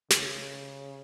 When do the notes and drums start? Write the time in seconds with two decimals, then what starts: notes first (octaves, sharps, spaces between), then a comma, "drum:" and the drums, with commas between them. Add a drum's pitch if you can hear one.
0.10 C#3, drum: snare